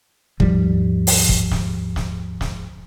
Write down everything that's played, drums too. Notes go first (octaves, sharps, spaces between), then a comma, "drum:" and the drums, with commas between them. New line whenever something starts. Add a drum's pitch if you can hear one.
D#2 G#2 F3 G3, drum: kick
drum: open hi-hat
drum: kick
drum: snare
drum: snare
drum: snare